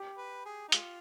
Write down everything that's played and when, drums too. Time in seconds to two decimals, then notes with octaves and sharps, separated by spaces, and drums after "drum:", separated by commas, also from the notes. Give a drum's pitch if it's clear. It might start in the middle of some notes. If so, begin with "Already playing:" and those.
Already playing: G4
0.17 B4
0.45 G#4
0.68 D#4
0.72 G#3 F4, drum: hi-hat